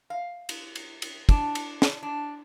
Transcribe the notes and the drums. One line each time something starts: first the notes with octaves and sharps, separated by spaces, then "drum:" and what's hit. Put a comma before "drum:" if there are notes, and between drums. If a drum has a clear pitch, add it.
F5
drum: cymbal
drum: cymbal
drum: cymbal
D4, drum: kick, cymbal
drum: cymbal
drum: snare
D4